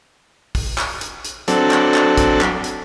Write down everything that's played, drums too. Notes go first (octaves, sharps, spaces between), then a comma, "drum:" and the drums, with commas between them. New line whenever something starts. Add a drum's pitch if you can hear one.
drum: kick, open hi-hat
drum: clap
drum: hi-hat
drum: hi-hat
F#3 C4 D4 A4, drum: hi-hat
drum: clap
drum: clap
drum: kick, hi-hat
drum: clap
drum: hi-hat